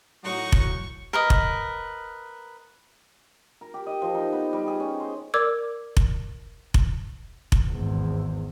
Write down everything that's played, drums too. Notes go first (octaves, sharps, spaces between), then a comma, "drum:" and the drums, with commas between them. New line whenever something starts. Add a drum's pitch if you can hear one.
A2 F#3 D#4 F#4 F#5 C#6
drum: kick F1
A#4 B4 D#5
drum: kick F1
A#4
G4
D#5
F3
D#4
B3
G3
G#4
C#4
C5
A#4 D5 D6 E6 G#6
drum: kick F1
drum: kick F1
drum: kick F1
G#1 E2